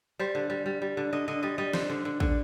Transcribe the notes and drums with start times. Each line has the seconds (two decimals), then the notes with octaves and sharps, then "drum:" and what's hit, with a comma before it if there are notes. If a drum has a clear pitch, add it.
0.19 G3 C5
0.35 D3
0.50 G3
0.66 G3
0.82 G3
0.97 D3
1.13 D3 D#5
1.28 D3 D#5
1.43 G3 D#5
1.58 G3 D#5
1.73 D3 C5, drum: snare
1.90 D3
2.05 D3
2.20 D3, drum: kick